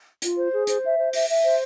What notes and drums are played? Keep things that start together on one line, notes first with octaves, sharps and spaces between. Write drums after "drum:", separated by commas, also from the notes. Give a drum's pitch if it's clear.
F4, drum: hi-hat
C5
G#4
C5, drum: hi-hat
E5
C5
E5, drum: open hi-hat
E5
C5